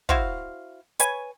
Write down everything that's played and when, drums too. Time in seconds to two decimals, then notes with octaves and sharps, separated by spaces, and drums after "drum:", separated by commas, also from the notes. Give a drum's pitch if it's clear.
0.09 E4 F#4 C5 F5, drum: kick
0.99 B4 C#5 G#5, drum: hi-hat